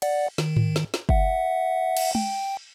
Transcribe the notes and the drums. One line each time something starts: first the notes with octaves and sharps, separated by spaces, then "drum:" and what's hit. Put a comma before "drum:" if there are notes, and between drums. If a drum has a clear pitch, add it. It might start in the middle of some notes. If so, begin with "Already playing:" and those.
D5 F#5, drum: cymbal
D#3, drum: snare
drum: tom G#2
drum: snare
drum: snare
E5 F#5, drum: kick G1
drum: cymbal
G5, drum: tom G#3